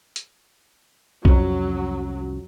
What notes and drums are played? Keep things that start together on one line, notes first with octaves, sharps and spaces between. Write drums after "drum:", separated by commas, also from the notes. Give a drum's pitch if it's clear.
drum: hi-hat
C2 F2 F#3 C#4, drum: kick B1